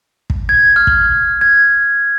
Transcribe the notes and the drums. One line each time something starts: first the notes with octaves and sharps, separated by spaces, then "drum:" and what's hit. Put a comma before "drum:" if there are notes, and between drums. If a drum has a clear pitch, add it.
drum: kick
G#6
F6
drum: kick
G#6